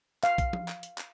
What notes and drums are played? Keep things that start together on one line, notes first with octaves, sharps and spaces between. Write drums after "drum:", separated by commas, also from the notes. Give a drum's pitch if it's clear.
F5, drum: clap
drum: kick A#1, hi-hat
drum: tom F3
drum: clap
drum: hi-hat
drum: clap